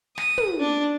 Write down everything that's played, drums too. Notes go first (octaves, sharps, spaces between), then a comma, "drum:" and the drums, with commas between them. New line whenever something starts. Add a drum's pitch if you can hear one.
D#6, drum: snare
drum: tom
D4